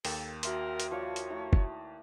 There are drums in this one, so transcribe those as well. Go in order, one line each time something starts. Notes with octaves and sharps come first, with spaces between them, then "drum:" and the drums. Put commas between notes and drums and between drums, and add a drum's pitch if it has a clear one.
D#2 A#3 A4 G5, drum: open hi-hat
F#4 A#4 E5 C6, drum: hi-hat
drum: hi-hat
F3 F4 C#5 D5
drum: hi-hat
A3 E4 A#5
drum: kick